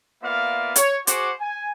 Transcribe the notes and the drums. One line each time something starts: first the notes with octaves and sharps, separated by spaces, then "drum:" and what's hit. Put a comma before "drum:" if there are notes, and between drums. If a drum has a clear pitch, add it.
A#3 B3 F4 D5 E5 F5
C#5, drum: hi-hat
F#4 G#4 C5 F#5 D6, drum: hi-hat
G#5